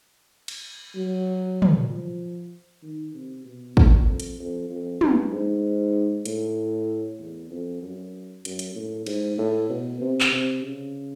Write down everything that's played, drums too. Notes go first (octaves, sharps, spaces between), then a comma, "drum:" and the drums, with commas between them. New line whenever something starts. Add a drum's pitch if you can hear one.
drum: cymbal
F#3
drum: tom
F3
D#3
C3
B2
A#2, drum: kick
F2
drum: hi-hat
F2
F2
G2, drum: tom
G#2
A2, drum: hi-hat
E2
F2
F#2
F#2, drum: hi-hat
drum: hi-hat
A2
G#2, drum: cymbal
A2
B2
C3
drum: clap
C3
C#3